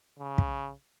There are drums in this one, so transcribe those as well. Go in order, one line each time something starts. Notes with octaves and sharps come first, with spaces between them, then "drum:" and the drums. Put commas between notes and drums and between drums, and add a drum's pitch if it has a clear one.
C#3
drum: kick